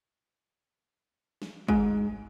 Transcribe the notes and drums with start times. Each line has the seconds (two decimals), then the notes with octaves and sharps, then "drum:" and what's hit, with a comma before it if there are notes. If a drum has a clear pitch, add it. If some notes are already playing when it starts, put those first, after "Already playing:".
1.42 drum: snare
1.68 G#2, drum: kick